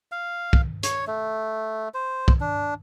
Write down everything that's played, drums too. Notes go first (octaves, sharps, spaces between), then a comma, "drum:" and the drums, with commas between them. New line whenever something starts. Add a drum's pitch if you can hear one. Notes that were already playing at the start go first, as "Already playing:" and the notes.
F5
drum: kick
C#5, drum: hi-hat
A3
C5
drum: kick
D4